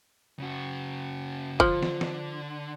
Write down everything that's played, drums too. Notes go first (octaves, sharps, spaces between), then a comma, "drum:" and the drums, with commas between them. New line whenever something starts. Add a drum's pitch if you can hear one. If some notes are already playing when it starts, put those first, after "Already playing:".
C#3 F#4
D3 F3, drum: kick
drum: snare
drum: snare